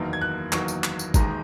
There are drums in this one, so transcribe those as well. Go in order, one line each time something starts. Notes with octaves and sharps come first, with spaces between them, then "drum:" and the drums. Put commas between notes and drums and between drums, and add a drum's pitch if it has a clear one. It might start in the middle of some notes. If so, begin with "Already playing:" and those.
Already playing: F#1 E2 D#3 F#3 A#3
G#6
F#6
F#1 E2 D#3 F#3 A#3 C#6, drum: clap
drum: tambourine
drum: clap
drum: tambourine
E1 D#2 D#3 G#3 A#5, drum: kick, tambourine